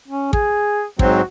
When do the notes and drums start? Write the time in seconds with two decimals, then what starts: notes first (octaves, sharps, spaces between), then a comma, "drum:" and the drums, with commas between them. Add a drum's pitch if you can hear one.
0.08 C#4
0.33 G#4, drum: kick
0.99 G#2 F#3 C4 F#4, drum: kick